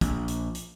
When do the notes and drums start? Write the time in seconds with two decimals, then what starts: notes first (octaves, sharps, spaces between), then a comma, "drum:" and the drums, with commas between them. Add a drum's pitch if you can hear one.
0.01 A#1, drum: kick, hi-hat
0.28 drum: hi-hat
0.55 drum: hi-hat